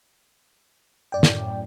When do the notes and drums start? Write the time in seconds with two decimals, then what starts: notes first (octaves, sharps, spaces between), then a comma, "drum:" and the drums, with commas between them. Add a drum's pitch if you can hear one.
1.12 F#2 A2 D5 G5
1.23 drum: snare